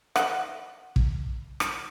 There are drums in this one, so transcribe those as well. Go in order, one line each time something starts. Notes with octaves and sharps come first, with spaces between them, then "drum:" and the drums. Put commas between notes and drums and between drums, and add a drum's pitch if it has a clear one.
D#5 F#5, drum: rim click
drum: kick
drum: rim click